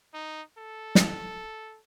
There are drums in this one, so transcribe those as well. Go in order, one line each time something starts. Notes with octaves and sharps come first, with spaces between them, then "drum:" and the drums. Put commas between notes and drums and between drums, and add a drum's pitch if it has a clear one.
D#4
A4
drum: snare